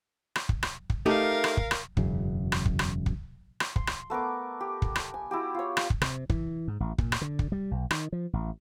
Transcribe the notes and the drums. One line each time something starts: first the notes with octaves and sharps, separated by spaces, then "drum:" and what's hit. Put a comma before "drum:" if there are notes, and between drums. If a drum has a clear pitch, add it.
drum: rim click
drum: kick
drum: rim click
drum: kick
A3 D#4 G4 A#4 F5
drum: rim click
drum: kick
drum: rim click
E1 F#2 C#3, drum: kick
drum: rim click
drum: kick
drum: rim click
drum: kick
drum: rim click
C6, drum: kick
drum: rim click
A3 B3 A#4 D6
G4
drum: kick
drum: rim click
G#5
E4 F#4 G4
F4 C#5
drum: rim click
drum: kick
C3, drum: rim click
E3, drum: kick
G#2
A1
A#2, drum: kick
drum: rim click
D3
drum: kick
G3
B1
D#3, drum: rim click
F3
A1